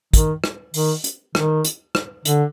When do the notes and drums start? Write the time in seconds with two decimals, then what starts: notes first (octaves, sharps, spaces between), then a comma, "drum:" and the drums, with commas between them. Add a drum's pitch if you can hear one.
0.14 D#3, drum: kick, hi-hat
0.44 drum: rim click
0.74 D#3, drum: open hi-hat
1.04 drum: hi-hat
1.35 D#3, drum: rim click
1.65 drum: hi-hat
1.95 drum: rim click
2.25 D3, drum: hi-hat